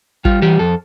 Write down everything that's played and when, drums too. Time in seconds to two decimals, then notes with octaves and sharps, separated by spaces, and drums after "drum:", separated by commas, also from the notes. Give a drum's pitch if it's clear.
0.25 G3 F4, drum: kick
0.42 E3 G4
0.59 F2 A4